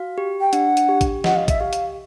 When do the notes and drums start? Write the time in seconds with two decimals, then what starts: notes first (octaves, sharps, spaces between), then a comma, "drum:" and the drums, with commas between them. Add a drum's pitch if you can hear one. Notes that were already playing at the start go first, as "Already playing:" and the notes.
Already playing: F#4 F5
0.18 G4
0.41 G5
0.53 D4 F#5, drum: hi-hat
0.77 drum: hi-hat
0.89 G4
1.01 drum: kick A1, hi-hat
1.24 D#5 F#5, drum: snare
1.36 F5
1.48 E5, drum: kick A1, hi-hat
1.60 G4 F5
1.73 drum: hi-hat